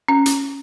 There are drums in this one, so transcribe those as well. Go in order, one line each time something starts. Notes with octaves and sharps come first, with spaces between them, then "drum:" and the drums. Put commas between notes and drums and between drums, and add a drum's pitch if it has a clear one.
C#4
drum: hi-hat